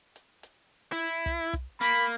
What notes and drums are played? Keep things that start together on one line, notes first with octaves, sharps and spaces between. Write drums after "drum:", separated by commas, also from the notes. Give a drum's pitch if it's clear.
drum: hi-hat
drum: hi-hat
E4
drum: kick, hi-hat
drum: kick, hi-hat
A#3 B5, drum: hi-hat